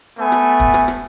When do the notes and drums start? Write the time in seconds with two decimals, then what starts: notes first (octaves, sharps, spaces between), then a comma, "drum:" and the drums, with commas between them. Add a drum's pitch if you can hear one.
0.18 A3 B3 G#5
0.32 drum: rim click
0.60 drum: kick
0.74 drum: rim click
0.88 drum: rim click